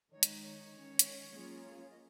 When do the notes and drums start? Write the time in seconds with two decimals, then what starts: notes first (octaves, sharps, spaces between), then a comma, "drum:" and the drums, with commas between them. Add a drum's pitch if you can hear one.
0.12 D#3 G#3 D#4 C#5
0.23 drum: hi-hat
0.42 C#5
0.72 D#3 G#3 C#4
0.99 drum: hi-hat
1.31 F#3 A#3 C#4 F4 G#4
1.91 D#5